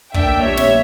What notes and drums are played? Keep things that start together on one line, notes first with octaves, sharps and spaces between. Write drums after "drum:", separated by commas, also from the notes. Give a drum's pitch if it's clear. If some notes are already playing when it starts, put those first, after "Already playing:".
D2 D3 A#3 D4 E5 G5, drum: kick
A#1 A#2 G3 C#5 E5
drum: snare